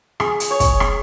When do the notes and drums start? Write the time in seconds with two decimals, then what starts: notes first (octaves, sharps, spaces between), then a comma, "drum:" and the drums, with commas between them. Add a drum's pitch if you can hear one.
0.20 G#4, drum: rim click
0.40 drum: hi-hat
0.51 C#5
0.60 drum: kick, hi-hat
0.80 drum: rim click